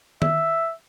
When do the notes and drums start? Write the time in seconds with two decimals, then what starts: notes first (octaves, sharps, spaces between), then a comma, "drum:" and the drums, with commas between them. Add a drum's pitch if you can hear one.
0.22 E5, drum: tom D#3